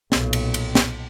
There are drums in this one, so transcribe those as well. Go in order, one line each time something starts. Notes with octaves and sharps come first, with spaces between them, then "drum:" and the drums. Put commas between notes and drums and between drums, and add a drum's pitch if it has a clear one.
B1 A#2, drum: snare
drum: cymbal
drum: cymbal
drum: snare